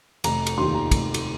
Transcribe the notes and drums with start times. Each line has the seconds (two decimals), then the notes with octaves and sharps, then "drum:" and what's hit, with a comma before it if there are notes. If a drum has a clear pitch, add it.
0.24 F1 A#5, drum: cymbal
0.46 drum: cymbal
0.58 D#2 D#3 C6
0.75 A#5
0.91 F1, drum: kick, cymbal
1.14 drum: cymbal